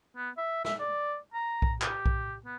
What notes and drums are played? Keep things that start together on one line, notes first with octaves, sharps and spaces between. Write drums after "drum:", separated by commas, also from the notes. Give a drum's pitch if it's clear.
B3
E5
E5, drum: snare
D5
A#5
drum: kick B1
G4, drum: clap
drum: kick B1
B3